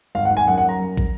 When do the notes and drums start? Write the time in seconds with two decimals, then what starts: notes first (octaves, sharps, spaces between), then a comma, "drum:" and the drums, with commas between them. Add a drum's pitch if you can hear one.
0.15 G#1 F5
0.25 F#5
0.31 G#1
0.37 G#5
0.47 F#2 F#5
0.58 F#5
0.63 F#2
0.69 A#5
0.79 F#2
0.97 drum: kick